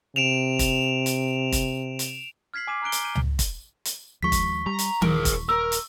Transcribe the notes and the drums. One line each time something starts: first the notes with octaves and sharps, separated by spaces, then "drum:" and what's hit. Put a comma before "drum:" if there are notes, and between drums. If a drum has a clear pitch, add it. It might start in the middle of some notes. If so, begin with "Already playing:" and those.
C3 D7 E7 F7
drum: kick, hi-hat
drum: hi-hat
drum: kick, hi-hat
drum: hi-hat
F6 G#6 B6 C7 F#7
G#5 D6 G#6 D#7 E7
A#5 F6 F#6 D7 G7
drum: hi-hat
G6 D#7
drum: tom C#2
drum: kick, hi-hat
drum: hi-hat
D#2 F3 G#3 C#6 B6
drum: kick, hi-hat
G3 A#5
drum: hi-hat
D#1 E3 G#4 A#4, drum: tom D#3
drum: kick, hi-hat
A#4 E6
drum: hi-hat